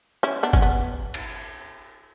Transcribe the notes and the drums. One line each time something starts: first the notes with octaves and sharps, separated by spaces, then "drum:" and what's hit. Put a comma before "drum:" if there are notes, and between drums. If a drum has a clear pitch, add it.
C#4 E4
B3 D4
C#4, drum: kick G1
B3
drum: cymbal